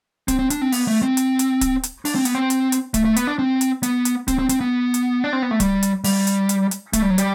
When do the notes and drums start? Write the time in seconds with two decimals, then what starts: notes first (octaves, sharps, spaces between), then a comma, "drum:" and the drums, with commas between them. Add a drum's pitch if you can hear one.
0.28 C4, drum: kick D1, hi-hat
0.39 C4
0.50 D4, drum: hi-hat
0.61 C4
0.72 B3, drum: open hi-hat
0.88 A3
1.03 C4
1.17 drum: hi-hat
1.39 drum: hi-hat
1.61 drum: kick D1, hi-hat
1.83 drum: hi-hat
2.05 D4, drum: open hi-hat
2.15 C4
2.25 B3, drum: hi-hat
2.35 C4
2.50 drum: hi-hat
2.72 drum: hi-hat
2.94 A3, drum: kick D1, hi-hat
3.05 A3
3.16 B3, drum: hi-hat
3.27 D4
3.39 C4
3.61 drum: hi-hat
3.83 B3, drum: hi-hat
4.05 drum: hi-hat
4.28 C4, drum: kick D1, hi-hat
4.39 C4
4.49 C4, drum: hi-hat
4.60 B3
4.94 drum: hi-hat
5.24 D4
5.33 C4
5.42 B3
5.51 A3
5.60 G3, drum: kick D1, hi-hat
5.83 drum: hi-hat
6.04 G3, drum: open hi-hat
6.27 drum: hi-hat
6.49 drum: hi-hat
6.71 drum: hi-hat
6.93 A3, drum: kick D1, hi-hat
7.02 G3
7.10 F#3
7.18 G3, drum: hi-hat